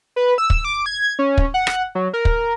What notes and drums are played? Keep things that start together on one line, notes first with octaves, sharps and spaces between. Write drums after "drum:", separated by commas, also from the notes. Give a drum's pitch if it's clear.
B4
E6
drum: kick
D6
G#6
C#4
drum: kick
F#5
drum: rim click
F#3
A#4
drum: kick